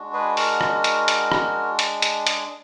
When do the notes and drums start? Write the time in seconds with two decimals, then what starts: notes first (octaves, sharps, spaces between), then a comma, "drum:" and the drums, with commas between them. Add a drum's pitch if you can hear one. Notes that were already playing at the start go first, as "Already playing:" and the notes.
Already playing: G#3 D4 F#4
0.13 G#4 B4
0.37 F#4 A#4, drum: open hi-hat
0.61 drum: rim click
0.84 drum: hi-hat
1.08 drum: hi-hat
1.32 drum: rim click
1.79 drum: hi-hat
2.02 drum: hi-hat
2.27 G#4, drum: hi-hat